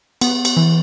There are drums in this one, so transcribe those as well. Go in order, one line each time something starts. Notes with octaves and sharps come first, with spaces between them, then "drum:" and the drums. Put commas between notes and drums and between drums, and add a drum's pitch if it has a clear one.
B3, drum: cymbal
drum: cymbal
E3